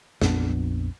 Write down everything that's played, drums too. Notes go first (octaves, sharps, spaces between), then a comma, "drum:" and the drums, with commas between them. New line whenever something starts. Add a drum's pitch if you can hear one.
A#1 F2 B3 D4, drum: snare